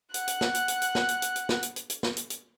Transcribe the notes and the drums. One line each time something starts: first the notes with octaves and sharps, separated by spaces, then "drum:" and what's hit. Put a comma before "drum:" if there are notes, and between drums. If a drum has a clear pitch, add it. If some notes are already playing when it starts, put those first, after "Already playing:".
F#5 F#6, drum: hi-hat
drum: hi-hat
drum: snare
drum: hi-hat
drum: hi-hat
drum: hi-hat
drum: snare
drum: hi-hat
drum: hi-hat
drum: hi-hat
drum: snare
drum: hi-hat
drum: hi-hat
drum: hi-hat
drum: snare
drum: hi-hat
drum: hi-hat